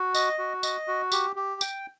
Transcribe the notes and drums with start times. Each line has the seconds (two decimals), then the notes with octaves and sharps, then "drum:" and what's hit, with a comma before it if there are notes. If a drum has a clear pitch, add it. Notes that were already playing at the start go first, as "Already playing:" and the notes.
Already playing: F#4
0.14 D#5, drum: tambourine
0.38 F#4
0.63 D#5, drum: tambourine
0.88 F#4
1.12 G4, drum: tambourine
1.36 G4
1.61 G5, drum: tambourine